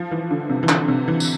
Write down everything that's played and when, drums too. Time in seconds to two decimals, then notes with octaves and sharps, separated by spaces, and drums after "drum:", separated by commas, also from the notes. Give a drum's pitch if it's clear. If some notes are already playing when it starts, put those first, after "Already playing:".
Already playing: F3
0.11 E3
0.31 D3
0.49 C3
0.63 E3
0.69 D3, drum: clap
0.88 C3
1.08 E3
1.20 drum: tambourine